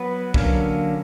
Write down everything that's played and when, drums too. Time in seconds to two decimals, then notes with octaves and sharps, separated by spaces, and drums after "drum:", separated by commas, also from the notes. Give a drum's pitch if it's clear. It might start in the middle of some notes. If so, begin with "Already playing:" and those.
Already playing: F#3 B3 B4
0.34 D3 F#3 A#3 C#4, drum: kick